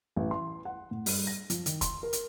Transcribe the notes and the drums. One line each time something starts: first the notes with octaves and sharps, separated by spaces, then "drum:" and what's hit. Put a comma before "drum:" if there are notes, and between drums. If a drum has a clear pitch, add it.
A1
C6
F#5
A2
G2, drum: open hi-hat
A#6
F3, drum: hi-hat
D#3, drum: hi-hat
C6, drum: kick, hi-hat
A#4
drum: hi-hat